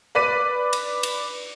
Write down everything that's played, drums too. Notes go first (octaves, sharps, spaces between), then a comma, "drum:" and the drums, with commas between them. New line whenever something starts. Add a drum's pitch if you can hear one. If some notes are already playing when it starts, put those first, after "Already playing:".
B4 D5 B6 D#7
drum: cymbal
drum: cymbal